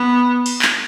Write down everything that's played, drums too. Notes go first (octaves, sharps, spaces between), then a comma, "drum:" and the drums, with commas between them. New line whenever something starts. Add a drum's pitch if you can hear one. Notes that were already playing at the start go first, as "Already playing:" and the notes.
Already playing: B3
drum: open hi-hat
drum: clap